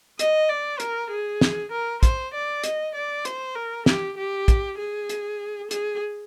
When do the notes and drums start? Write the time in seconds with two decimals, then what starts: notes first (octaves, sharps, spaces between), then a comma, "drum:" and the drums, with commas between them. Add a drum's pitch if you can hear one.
0.19 D#5, drum: hi-hat
0.49 D5
0.80 A#4, drum: hi-hat
1.11 G#4
1.41 drum: snare
1.72 A#4
2.03 C5, drum: kick, hi-hat
2.34 D5
2.63 D#5, drum: hi-hat
2.95 D5
3.25 C5, drum: hi-hat
3.56 A#4
3.86 G4, drum: snare
4.17 G4
4.48 drum: kick, hi-hat
4.78 G#4
5.09 drum: hi-hat
5.71 G#4, drum: hi-hat